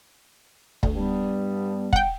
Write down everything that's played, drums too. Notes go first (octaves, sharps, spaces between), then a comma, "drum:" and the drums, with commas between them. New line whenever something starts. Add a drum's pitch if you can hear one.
D2, drum: kick
G2 G3 B3
F#5 G5, drum: kick